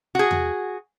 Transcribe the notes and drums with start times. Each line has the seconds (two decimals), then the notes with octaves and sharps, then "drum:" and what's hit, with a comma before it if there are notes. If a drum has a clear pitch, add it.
0.15 F#4 G#4
0.31 drum: tom E2